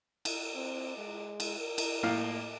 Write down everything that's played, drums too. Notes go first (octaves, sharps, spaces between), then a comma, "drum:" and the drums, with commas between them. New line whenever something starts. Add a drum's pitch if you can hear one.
drum: cymbal
C4
G#3
drum: cymbal
A#4
drum: cymbal
A2 A#3 F5